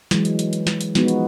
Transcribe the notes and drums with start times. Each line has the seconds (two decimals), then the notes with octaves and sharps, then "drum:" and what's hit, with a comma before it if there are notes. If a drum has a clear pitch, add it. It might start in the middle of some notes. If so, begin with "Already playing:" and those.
0.11 E3 F#3 G#3, drum: snare
0.25 drum: hi-hat
0.39 drum: hi-hat
0.53 drum: hi-hat
0.67 drum: snare
0.81 drum: hi-hat
0.95 F3 G#3 B3 D#4 F#4, drum: snare
1.08 drum: hi-hat